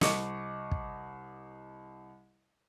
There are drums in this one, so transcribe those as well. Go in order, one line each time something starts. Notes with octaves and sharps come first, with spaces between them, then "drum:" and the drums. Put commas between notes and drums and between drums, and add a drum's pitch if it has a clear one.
C2 D#5 C#6 D6 C#7, drum: snare
drum: kick